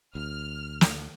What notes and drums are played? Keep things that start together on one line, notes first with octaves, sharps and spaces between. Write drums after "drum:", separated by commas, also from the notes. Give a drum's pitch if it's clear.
D2 F6
drum: snare